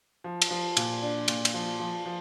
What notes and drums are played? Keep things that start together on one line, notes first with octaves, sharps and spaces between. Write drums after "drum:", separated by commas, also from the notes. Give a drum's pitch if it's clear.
F3
drum: cymbal
F3
A#2, drum: cymbal
D4
A#2, drum: cymbal
drum: cymbal
F3
F3
F3